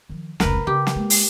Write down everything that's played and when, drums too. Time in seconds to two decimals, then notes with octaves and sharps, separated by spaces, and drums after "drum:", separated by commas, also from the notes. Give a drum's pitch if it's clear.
0.09 D#3 F3
0.40 F1 C#2 A#4 B4, drum: snare
0.67 C#3 B3 G4
0.87 drum: snare
0.96 G#3 A#3
1.10 drum: open hi-hat